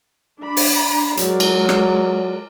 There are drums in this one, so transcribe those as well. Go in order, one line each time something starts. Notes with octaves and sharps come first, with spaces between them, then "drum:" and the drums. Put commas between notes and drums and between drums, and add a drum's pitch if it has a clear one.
D4 B5
drum: open hi-hat
F#3 G#3 A#4 D5, drum: hi-hat
drum: cymbal
drum: rim click